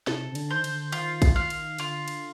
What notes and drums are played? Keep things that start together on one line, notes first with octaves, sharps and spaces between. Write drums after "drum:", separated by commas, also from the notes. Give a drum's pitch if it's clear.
C3 A4, drum: snare D#4
C3
D3, drum: cymbal
D#3 C5
D3, drum: cymbal
D#3 F4, drum: cymbal
drum: kick, cymbal
F5
drum: cymbal
D3 F4, drum: cymbal
drum: cymbal